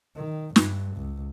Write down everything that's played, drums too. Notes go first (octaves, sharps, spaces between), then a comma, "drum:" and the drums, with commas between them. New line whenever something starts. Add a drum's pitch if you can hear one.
D#3
G2, drum: snare
C#2